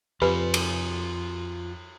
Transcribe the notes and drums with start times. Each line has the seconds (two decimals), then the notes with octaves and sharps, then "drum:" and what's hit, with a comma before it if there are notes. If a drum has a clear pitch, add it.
0.22 F2 F4 G4 B4 G#5 B5
0.54 drum: cymbal